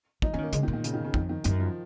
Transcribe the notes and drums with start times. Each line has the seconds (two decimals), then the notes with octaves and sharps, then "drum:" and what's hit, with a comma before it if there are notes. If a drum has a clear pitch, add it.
0.22 F3 D#4, drum: kick
0.33 F3 C#4
0.38 D#3 A#3
0.53 C#3 G#3, drum: hi-hat
0.63 D#3
0.68 A#2
0.73 D#3
0.84 C#3, drum: hi-hat
0.94 D#3
1.04 C#3
1.14 F2 D#3, drum: kick
1.29 D#3
1.44 F#2 D#3, drum: hi-hat
1.60 F3